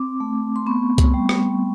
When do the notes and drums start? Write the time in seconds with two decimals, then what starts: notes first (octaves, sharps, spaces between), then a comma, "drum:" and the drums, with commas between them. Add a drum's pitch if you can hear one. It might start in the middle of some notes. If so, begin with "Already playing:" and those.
Already playing: C4 D6
0.20 A3
0.56 C6
0.67 B3 C#6
0.98 drum: kick C2, hi-hat
1.14 G3
1.29 drum: rim click